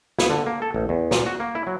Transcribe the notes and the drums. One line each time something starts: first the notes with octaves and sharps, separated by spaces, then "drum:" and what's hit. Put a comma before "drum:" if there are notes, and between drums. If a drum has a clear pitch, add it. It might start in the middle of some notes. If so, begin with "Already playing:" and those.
E4, drum: snare
D3
A#3
A4
A1
E2
A#2, drum: snare
F#4
A#3
E4
F#3